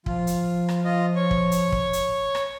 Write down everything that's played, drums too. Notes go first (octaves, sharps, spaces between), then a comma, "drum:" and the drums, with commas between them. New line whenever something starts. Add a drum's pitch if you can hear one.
F3 F4, drum: kick
drum: hi-hat
drum: rim click
F4 D#5
C#5
drum: kick
drum: hi-hat
drum: kick
drum: hi-hat
drum: rim click